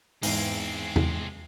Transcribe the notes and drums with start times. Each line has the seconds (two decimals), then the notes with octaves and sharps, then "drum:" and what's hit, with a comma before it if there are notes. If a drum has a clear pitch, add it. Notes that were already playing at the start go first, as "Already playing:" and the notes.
0.23 E2 G#2 G#3 C4, drum: open hi-hat
0.96 drum: tom E2